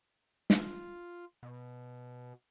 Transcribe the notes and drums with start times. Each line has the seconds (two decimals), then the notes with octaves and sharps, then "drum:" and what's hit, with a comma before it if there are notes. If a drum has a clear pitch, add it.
0.50 F4, drum: snare
1.43 B2